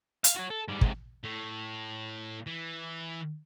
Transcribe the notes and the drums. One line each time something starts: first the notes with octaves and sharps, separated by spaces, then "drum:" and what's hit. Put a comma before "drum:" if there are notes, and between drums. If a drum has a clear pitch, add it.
F5, drum: hi-hat
F#4 C#5
A4
G#2 G3
G#2 C3, drum: kick
A2
E3